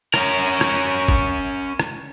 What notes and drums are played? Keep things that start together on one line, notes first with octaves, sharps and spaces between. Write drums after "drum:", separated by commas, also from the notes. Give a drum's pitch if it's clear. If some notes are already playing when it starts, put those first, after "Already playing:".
C#4 A#4, drum: rim click
drum: rim click
drum: kick
drum: rim click